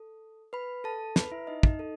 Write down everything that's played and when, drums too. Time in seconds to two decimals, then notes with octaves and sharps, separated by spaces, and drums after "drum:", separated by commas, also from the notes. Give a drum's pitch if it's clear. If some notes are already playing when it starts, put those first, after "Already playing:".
Already playing: A4
0.53 B4 B5
0.84 A4 A5
1.16 B4 B5, drum: snare
1.32 E4 E5
1.47 D#4 D#5
1.63 D#4 D#5, drum: kick
1.79 D#4 A4